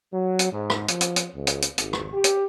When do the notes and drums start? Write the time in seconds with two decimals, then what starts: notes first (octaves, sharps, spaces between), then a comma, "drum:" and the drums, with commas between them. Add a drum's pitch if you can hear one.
0.12 F#3
0.39 drum: hi-hat
0.52 G#2
0.70 drum: rim click
0.88 F3, drum: hi-hat
1.01 drum: hi-hat
1.16 drum: hi-hat
1.35 C#2
1.47 drum: hi-hat
1.62 drum: hi-hat
1.78 G#1, drum: hi-hat
1.93 drum: rim click
2.13 G4
2.24 drum: hi-hat